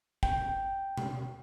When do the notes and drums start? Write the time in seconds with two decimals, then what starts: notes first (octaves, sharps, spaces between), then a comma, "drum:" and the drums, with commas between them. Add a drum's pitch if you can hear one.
0.23 G5, drum: kick
0.97 drum: tom B2